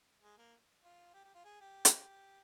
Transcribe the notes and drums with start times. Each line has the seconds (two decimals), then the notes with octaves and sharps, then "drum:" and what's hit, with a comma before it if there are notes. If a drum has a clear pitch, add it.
0.22 G#3
0.38 A#3
0.84 F4
1.14 G4
1.25 G4
1.35 F4
1.45 G#4
1.61 G4
1.85 drum: hi-hat